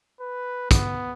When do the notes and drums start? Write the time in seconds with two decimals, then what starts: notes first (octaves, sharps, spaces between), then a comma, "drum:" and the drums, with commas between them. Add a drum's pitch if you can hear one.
0.20 B4
0.71 B3, drum: kick, hi-hat